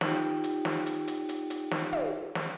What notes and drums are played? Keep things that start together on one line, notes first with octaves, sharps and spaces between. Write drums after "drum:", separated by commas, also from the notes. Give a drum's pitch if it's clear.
D#4 F4 G4 G5, drum: snare
drum: hi-hat
drum: snare
drum: hi-hat
drum: hi-hat
drum: hi-hat
drum: hi-hat
drum: snare
drum: tom
drum: snare